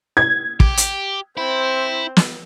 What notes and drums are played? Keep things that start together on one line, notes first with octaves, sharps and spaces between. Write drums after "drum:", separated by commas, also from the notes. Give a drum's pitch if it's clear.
G#6
G4, drum: kick
drum: hi-hat
C4 E4 C5
drum: snare